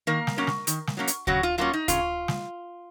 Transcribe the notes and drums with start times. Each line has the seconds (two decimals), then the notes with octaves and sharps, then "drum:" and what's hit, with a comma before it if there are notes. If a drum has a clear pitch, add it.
0.07 D#3 A#3 A#4
0.27 drum: snare
0.37 F#3 A#3 C#4
0.47 drum: snare
0.67 D#3, drum: hi-hat
0.87 drum: snare
0.97 F#3 A#3 C#4
1.07 drum: hi-hat
1.27 C#3 F#3 F#4, drum: kick D2
1.43 F4
1.58 F#3 A#3 C#4 F4
1.73 D#4
1.88 C#3 F4, drum: kick D2, hi-hat
2.28 drum: snare